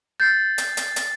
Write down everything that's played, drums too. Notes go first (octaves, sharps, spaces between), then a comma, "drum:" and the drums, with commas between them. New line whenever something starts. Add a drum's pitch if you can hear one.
G6 A6 C7
drum: hi-hat
drum: hi-hat
drum: hi-hat